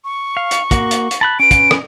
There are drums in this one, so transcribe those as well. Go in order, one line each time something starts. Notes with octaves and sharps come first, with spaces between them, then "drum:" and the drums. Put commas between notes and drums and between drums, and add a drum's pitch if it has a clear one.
C#6
F5
drum: hi-hat
A#3 F#4, drum: kick, hi-hat
drum: hi-hat
drum: hi-hat
A5 B5 F#6
C#4 B4 D7
drum: kick, hi-hat
drum: rim click